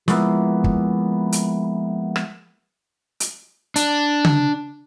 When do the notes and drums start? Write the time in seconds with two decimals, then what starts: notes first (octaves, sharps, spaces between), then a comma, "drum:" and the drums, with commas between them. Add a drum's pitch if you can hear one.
0.08 F3 G#3 A#3 B3 E4, drum: snare
0.64 drum: kick
1.32 drum: hi-hat
2.16 drum: rim click
3.20 drum: hi-hat
3.76 D4, drum: hi-hat
4.25 drum: tom C#3